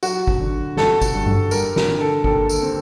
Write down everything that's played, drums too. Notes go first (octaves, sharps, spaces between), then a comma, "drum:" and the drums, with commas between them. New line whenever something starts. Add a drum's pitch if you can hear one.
F#3 F#4, drum: tambourine
drum: kick G#1
D3
G2 A4, drum: snare
drum: kick G#1, tambourine
G2
drum: tom G2
G3 A#4, drum: tambourine
A#4, drum: snare
D3
A4
D#2 A4, drum: kick G#1
A4, drum: tambourine
C4